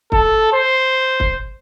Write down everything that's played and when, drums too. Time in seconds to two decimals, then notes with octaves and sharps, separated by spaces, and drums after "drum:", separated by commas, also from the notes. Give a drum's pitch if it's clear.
0.12 A4, drum: kick
0.53 C5
1.20 drum: kick